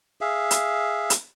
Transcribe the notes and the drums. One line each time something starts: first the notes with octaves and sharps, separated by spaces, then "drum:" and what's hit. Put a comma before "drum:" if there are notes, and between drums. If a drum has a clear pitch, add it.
G#4 E5 F5
drum: hi-hat
drum: hi-hat